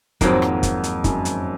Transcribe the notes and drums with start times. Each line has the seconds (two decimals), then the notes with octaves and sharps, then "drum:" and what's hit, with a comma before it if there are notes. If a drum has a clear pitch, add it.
0.21 F2 G#2 D#3 F#3 A#3, drum: kick, hi-hat
0.42 drum: rim click
0.63 drum: kick, hi-hat
0.84 drum: hi-hat
1.04 F#2, drum: kick, hi-hat
1.25 drum: hi-hat